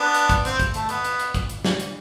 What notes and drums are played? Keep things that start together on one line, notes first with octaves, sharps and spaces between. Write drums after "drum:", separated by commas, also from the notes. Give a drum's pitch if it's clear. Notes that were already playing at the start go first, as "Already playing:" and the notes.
Already playing: B3 D4
drum: hi-hat
drum: kick, hi-hat
C4, drum: hi-hat
drum: kick, hi-hat
A3, drum: hi-hat
B3, drum: hi-hat
drum: hi-hat
drum: hi-hat
drum: kick, hi-hat
drum: hi-hat
drum: snare
drum: hi-hat